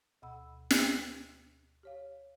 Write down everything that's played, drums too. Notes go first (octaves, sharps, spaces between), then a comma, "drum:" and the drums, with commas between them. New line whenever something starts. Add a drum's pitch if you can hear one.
D2 B2 F#5 B5 E6
drum: snare
G4 C#5 F5